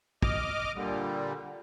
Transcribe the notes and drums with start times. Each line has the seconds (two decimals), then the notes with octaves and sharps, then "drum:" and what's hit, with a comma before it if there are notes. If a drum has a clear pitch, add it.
0.22 D#5 D6 F6, drum: kick
0.75 A#2 D3 G3